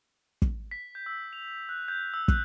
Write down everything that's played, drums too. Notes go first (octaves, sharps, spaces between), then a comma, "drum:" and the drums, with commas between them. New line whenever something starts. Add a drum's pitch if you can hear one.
drum: kick
B6
G6
E6
F7
F#6
G6
E6
F#6, drum: kick